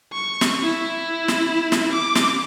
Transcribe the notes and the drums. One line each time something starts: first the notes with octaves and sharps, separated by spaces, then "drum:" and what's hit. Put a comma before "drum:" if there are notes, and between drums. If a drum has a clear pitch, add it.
C#6
drum: snare
E4
drum: snare
drum: snare
D6
drum: snare